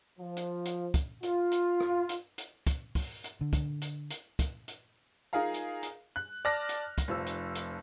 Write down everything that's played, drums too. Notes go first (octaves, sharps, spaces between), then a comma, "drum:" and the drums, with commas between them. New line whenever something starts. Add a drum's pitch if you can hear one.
F3
drum: hi-hat
drum: hi-hat
drum: kick, hi-hat
F4, drum: hi-hat
drum: hi-hat
drum: rim click
drum: hi-hat
drum: hi-hat
drum: kick, hi-hat
drum: kick, open hi-hat
drum: hi-hat
D3
drum: kick, hi-hat
drum: hi-hat
drum: hi-hat
drum: kick, hi-hat
drum: hi-hat
D#4 F4 G#4 A#4 F5 A#5
drum: hi-hat
drum: hi-hat
F#6
D5 A5 F6 F#6 A#6
drum: hi-hat
drum: kick, hi-hat
F1 F3 E6
drum: hi-hat
drum: hi-hat